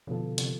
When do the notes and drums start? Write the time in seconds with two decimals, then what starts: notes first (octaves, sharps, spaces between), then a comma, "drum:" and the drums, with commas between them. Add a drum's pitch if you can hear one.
0.07 B2 D3 F3 B3 F4 A4
0.38 C3, drum: hi-hat